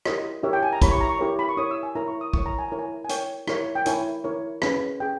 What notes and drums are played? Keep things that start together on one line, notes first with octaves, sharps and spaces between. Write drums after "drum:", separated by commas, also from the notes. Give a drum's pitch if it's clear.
E4 G4 A#4 C#5 D#5, drum: rim click
E4 G4 A#4 C#5 E5
G5
G#5
A#5
E4 G4 A#4 C#5 B5, drum: kick, hi-hat
C#6
A#5
C#6
E4 G4 A#4 C#5
B5
C#6
E4 A#4 C#5 D#6
E6
G#5
E4 A#4 C#5 A#5
C#6
D#6
E4 A#4 C#5 C#6, drum: kick
A#5
G#5
E4 A#4 C#5 A#5
G#5
G#5
E4 A#4 C#5 G5, drum: hi-hat
E4 A#4 C#5, drum: rim click
G5
E4 A#4 C#5 G#5, drum: hi-hat
E4 A#4 C#5
C#4 G#4 B4, drum: rim click
C#4 G#4 G5